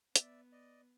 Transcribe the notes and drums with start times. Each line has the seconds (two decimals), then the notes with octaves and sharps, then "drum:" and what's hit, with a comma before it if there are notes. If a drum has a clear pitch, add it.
0.16 B3 D5 E5, drum: hi-hat
0.52 D5 D#5